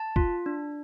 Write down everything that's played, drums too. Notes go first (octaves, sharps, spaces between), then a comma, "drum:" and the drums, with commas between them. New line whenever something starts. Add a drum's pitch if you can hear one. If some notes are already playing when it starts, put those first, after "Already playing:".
Already playing: A5
F4, drum: kick F#1
D4